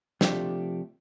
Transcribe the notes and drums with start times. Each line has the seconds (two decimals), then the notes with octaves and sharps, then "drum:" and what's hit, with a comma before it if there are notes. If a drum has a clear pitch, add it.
0.21 C3 F3 A3 D4 G4, drum: snare